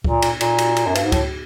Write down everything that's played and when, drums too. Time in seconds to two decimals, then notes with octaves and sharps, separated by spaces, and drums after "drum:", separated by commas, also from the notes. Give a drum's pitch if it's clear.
0.04 A#2, drum: kick C#2
0.22 drum: cymbal
0.41 A#2, drum: cymbal
0.58 drum: cymbal
0.77 drum: cymbal
0.86 F#2
0.95 G2, drum: cymbal
1.04 G#2
1.12 A2, drum: kick C#2, cymbal